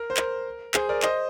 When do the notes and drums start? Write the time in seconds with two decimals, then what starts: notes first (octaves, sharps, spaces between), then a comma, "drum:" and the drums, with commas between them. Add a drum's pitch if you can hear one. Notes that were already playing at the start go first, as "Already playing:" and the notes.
Already playing: A#4
0.10 C5
0.17 A#4, drum: clap
0.74 G#4 C5, drum: clap
0.89 A#4 D5
1.02 C5 D#5, drum: clap